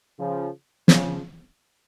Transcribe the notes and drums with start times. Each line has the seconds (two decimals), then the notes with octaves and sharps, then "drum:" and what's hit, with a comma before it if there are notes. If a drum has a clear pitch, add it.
0.18 C#3 F3
0.88 C#3 F3, drum: snare